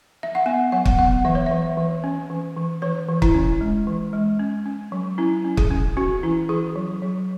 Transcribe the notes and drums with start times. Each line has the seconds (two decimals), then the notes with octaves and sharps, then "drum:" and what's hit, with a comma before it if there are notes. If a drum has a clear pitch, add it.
0.23 E5
0.35 F#5
0.46 B3 G#5
0.72 F#3 F#5
0.85 drum: kick
0.99 B3 F#5
1.25 E3 E5
1.35 C#5
1.46 E5
1.51 E3
1.77 E3
2.04 C#4
2.30 E3
2.56 E3
2.82 E3 C#5
3.09 E3
3.22 E4, drum: kick
3.34 C#4
3.61 G#3
3.87 E3
4.13 G#3
4.39 C#4
4.66 C#4
4.92 F#3
5.18 C#4 E4
5.44 C#4
5.57 G#4, drum: kick
5.71 C#4
5.97 C#4 F#4
6.23 E3 E4
6.49 E3 G#4
6.76 F#3
7.02 F#3